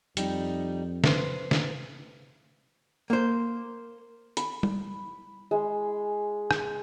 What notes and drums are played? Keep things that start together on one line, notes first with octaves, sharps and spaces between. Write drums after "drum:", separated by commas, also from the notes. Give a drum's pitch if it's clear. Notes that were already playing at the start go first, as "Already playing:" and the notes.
F2 G3 D#4, drum: hi-hat
B4 C5, drum: snare
drum: snare
A#3 C5
B5, drum: hi-hat
drum: tom G3
G#3
drum: rim click